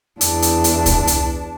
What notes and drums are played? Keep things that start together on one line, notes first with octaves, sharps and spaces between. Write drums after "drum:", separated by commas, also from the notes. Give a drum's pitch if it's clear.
E2 D4 A5, drum: hi-hat
drum: hi-hat
drum: hi-hat
drum: kick C#2, hi-hat
drum: hi-hat